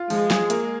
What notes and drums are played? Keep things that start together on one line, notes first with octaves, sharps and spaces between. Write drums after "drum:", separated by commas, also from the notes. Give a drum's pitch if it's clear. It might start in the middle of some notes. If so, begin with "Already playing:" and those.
Already playing: F4
F3 G#3, drum: open hi-hat
G#4, drum: snare
A#3, drum: hi-hat